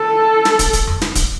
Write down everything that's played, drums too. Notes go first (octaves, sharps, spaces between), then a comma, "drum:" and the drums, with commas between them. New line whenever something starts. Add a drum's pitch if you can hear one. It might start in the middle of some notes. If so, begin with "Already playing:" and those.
Already playing: A4
drum: snare
drum: kick, hi-hat
drum: kick, hi-hat
drum: tom E2
drum: snare
drum: kick, hi-hat